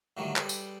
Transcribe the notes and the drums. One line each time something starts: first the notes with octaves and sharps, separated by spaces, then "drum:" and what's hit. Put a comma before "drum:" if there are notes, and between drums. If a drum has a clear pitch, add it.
A2 D3 D#3 F#3 G3 A3
G3 G#4 A4 B4 G5, drum: clap
drum: tambourine